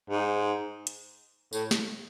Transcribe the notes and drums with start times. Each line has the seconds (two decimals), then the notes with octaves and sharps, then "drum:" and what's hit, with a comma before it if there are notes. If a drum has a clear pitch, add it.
0.10 G#2
0.87 drum: hi-hat
1.53 A2, drum: tambourine
1.71 drum: snare